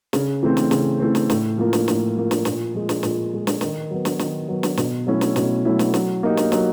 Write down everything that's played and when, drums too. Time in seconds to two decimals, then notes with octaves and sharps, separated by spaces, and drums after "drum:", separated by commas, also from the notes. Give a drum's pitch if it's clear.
0.13 C#3, drum: snare
0.43 E3 A3 C4
0.57 drum: snare
0.71 C#3, drum: snare
1.00 E3 A3 C4
1.15 drum: snare
1.30 A2, drum: snare
1.58 F3 A#3
1.73 drum: snare
1.88 A2, drum: snare
2.16 F3 A#3
2.31 drum: snare
2.45 A#2, drum: snare
2.75 F3 G#3
2.89 drum: snare
3.03 A#2, drum: snare
3.33 F3 G#3
3.47 drum: snare
3.61 D#3, drum: snare
3.91 F#3 B3
4.05 drum: snare
4.19 D#3, drum: snare
4.48 F#3 B3
4.63 drum: snare
4.77 B2, drum: snare
5.07 F#3 A3 C#4 E4
5.21 drum: snare
5.36 B2, drum: snare
5.65 F#3 A3 C#4 E4
5.79 drum: snare
5.94 F#3, drum: snare
6.23 A#3 D#4 G4
6.37 drum: snare
6.52 F#3, drum: snare